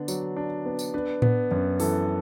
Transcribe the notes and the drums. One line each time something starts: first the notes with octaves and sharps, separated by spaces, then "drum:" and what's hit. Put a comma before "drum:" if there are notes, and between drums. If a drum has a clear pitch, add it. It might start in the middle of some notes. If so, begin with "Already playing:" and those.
Already playing: D3 B3 D4
F#3, drum: tambourine
D4
B3
drum: tambourine
D4 B4
B3, drum: tom A2
F#2
E3 A4, drum: open hi-hat